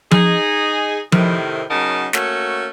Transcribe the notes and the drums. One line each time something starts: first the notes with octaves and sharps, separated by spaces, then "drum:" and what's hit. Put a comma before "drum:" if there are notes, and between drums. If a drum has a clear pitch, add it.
D#4 G#4, drum: tom F3
A2 C3 D#3, drum: tom F3
C#3 F#3 D#4 A#4 F#5 A5
A3 A#3 C#4 F#4, drum: snare